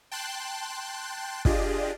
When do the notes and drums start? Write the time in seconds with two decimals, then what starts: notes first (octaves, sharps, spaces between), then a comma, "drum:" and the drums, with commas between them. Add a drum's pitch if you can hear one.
0.12 G5 A5 C6 F#6
1.45 D4 F4 G4 G#4 D5 D#5, drum: kick